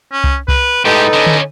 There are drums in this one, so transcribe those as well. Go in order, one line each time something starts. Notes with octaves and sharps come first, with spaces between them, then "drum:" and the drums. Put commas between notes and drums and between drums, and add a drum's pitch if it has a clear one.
C#4
drum: kick C2
B4, drum: kick C2
A2 G#3 D#4 G4 A4 B4
D3 C#4 D#5
drum: tom D3